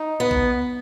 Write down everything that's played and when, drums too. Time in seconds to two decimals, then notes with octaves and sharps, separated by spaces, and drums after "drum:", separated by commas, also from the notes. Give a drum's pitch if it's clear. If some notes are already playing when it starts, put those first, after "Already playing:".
Already playing: D#4
0.20 B3
0.31 drum: kick A#1